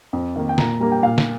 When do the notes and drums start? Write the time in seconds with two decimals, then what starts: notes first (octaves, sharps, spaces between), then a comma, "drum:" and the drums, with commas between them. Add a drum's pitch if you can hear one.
0.13 F2
0.36 D#3 A#3
0.49 G5
0.58 A#2 A#5, drum: snare
0.80 G3 A#3 A#5
0.92 G5
1.03 A#2 F5
1.18 drum: snare